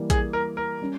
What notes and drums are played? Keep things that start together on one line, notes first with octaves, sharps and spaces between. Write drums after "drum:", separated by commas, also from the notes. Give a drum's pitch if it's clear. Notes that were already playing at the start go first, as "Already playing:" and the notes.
Already playing: E3 G3 A#3
G#4, drum: kick A#1, hi-hat
A#4
A#4
G3 C#4